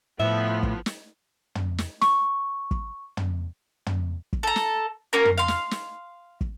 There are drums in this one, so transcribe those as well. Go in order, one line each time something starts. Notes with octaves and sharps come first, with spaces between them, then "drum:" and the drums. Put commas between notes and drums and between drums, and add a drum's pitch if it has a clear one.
A2 F3 B3 E5
drum: kick
drum: snare
drum: tom
drum: snare
C#6, drum: snare
drum: kick
drum: tom
drum: tom
drum: kick
A4 A#5
drum: snare
A#3 C#4 F#4 A#4
drum: tom
F5 C6
drum: snare
drum: snare
drum: kick